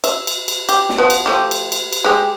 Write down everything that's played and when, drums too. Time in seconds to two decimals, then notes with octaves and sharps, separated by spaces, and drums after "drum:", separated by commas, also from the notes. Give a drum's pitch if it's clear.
0.04 E5, drum: cymbal
0.27 drum: cymbal
0.48 drum: cymbal
0.69 G4, drum: cymbal
0.89 drum: snare
0.98 F3 B3
1.10 drum: cymbal
1.26 F3 A3 G4
1.51 drum: cymbal
1.72 drum: cymbal
1.93 drum: cymbal
2.04 G#3 G4